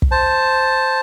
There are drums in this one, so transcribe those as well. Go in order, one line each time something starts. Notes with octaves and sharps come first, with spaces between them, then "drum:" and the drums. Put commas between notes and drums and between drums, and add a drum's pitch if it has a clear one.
drum: kick
C5 A5